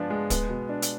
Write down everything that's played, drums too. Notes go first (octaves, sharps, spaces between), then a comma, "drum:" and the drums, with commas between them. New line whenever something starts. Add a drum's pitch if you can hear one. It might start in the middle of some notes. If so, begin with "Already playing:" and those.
Already playing: F3 G#3 B3 D4
G#3
B3, drum: kick, hi-hat
B2
D4
drum: hi-hat